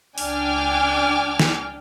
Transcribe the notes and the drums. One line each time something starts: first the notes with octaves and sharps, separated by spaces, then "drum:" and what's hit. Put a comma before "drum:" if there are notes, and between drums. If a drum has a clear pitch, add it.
C#2 D4 G5 G#5 D6 F6, drum: open hi-hat
drum: snare